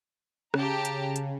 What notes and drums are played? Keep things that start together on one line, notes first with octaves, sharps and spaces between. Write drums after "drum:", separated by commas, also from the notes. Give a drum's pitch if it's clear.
C#3 G4 A5 A#5, drum: rim click
drum: hi-hat
drum: hi-hat